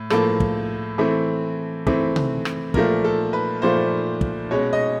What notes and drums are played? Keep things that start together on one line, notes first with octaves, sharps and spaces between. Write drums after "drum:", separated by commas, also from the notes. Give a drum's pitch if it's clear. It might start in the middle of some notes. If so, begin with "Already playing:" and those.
Already playing: A2
A2 F3 A#3 A4, drum: rim click
drum: kick
E3 A3 C4
E3 A3 C4, drum: kick
drum: tom C3
drum: rim click
A#2 F3 A3 A#4, drum: kick
A4
B4
A#2 F3 A3 C5
drum: kick
B2 G#3 C#4 C#5
D#5